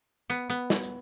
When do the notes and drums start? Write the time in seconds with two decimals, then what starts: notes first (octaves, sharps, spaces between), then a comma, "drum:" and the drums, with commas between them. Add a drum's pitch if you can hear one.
0.30 B3, drum: hi-hat
0.50 B3
0.70 drum: snare
0.84 drum: hi-hat